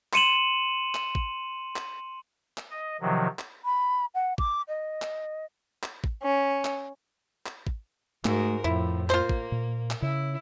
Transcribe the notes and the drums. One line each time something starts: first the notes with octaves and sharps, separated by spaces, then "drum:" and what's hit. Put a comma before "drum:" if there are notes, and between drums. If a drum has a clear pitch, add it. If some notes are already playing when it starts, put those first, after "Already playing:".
C6 C#7 D#7 E7 F#7, drum: clap
drum: clap
drum: kick
drum: clap
drum: clap
D#5
C3 D#3 F3 F#3
drum: clap
B5
F#5
D6, drum: kick
D#5
drum: clap
drum: clap
drum: kick
C#4
drum: clap
drum: clap
drum: kick
G#2 A3 F#4 A#4, drum: clap
F2 A2 F3 E4
A#3 F4 C5, drum: clap
drum: kick
A#2
drum: clap
C#3 E4